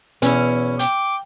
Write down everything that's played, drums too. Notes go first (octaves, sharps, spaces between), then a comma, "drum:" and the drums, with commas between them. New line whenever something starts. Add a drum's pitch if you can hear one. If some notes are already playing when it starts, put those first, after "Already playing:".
E2 B2 B3 C#4 E4, drum: hi-hat
G5 D6, drum: hi-hat